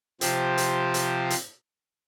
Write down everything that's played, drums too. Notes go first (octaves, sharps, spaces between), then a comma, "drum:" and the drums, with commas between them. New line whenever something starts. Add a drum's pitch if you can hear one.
C3 F3 G4 C5, drum: hi-hat
drum: hi-hat
drum: hi-hat
drum: hi-hat